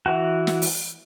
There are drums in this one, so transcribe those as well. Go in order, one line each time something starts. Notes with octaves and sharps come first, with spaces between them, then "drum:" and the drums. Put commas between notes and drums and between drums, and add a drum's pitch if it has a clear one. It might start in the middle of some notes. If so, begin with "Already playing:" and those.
E3 F#4
drum: snare
drum: open hi-hat